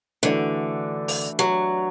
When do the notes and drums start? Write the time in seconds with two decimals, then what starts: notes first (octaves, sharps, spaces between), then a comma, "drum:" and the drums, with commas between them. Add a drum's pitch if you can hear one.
0.23 D3 E3 A3 D4 F#4
1.08 drum: open hi-hat
1.39 F#3